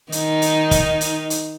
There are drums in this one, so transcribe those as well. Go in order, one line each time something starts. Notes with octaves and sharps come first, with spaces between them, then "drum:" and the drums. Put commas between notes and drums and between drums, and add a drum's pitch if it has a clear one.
D#3 D#4, drum: hi-hat
drum: hi-hat
drum: kick, hi-hat
drum: hi-hat
drum: hi-hat